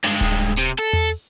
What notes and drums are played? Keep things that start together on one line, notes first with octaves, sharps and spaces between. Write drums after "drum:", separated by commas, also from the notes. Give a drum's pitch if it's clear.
G2 G#3
drum: kick D1, hi-hat
drum: hi-hat
C3
A4, drum: hi-hat
drum: tom E2
drum: open hi-hat